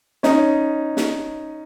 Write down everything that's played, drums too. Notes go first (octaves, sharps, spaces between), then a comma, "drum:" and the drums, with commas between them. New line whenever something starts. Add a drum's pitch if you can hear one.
C#4 D#4, drum: snare
drum: snare